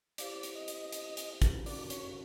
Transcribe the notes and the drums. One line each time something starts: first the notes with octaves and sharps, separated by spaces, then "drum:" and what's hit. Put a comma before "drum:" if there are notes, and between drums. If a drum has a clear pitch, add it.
E4 G4 C5 D5 F5, drum: hi-hat
drum: hi-hat
D#5
drum: hi-hat
drum: hi-hat
drum: hi-hat
drum: kick, hi-hat
C#4 F#4 A#4 D5, drum: open hi-hat
C#5, drum: hi-hat